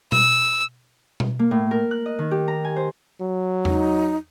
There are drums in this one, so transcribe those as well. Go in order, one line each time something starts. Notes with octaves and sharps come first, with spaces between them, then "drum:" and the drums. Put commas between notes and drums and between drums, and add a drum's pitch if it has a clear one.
E6, drum: tom B2
drum: tom B2
A#3
A2
A#4
F#6
D#5
D#3
G4
A#5
G#5
C5
F#3
D#4, drum: tom E2